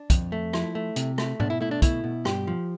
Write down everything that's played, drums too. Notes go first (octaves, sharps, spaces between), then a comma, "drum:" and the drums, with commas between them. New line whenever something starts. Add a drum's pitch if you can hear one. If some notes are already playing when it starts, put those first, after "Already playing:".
Already playing: D4
F2, drum: kick, hi-hat
A3
F3 E4, drum: rim click
A3
C3, drum: hi-hat
A3, drum: rim click
B2 D4, drum: tom
E4
A3 E4
D4
B2 E4, drum: kick, hi-hat
B2
G2 G4, drum: rim click
F3